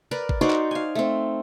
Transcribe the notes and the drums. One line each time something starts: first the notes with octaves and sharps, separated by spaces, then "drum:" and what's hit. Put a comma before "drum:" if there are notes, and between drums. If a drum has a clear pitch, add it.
A#4 B4 D5
drum: kick G#1
D#4 F#4 C5 D5
drum: clap
F5 G#5
A3 C4